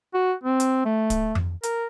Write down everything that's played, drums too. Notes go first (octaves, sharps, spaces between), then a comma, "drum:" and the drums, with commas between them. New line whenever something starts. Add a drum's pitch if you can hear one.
F#4
C4
drum: hi-hat
A3
drum: kick, hi-hat
drum: tom F2
A#4, drum: hi-hat